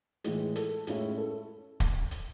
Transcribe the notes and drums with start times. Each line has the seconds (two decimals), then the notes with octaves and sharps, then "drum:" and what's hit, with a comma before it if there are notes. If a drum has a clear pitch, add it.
0.24 A2 E3 G#3, drum: hi-hat
0.56 A4, drum: hi-hat
0.87 A2 G#3 C#4 E4, drum: hi-hat
1.17 A4
1.80 drum: kick, hi-hat
2.11 drum: hi-hat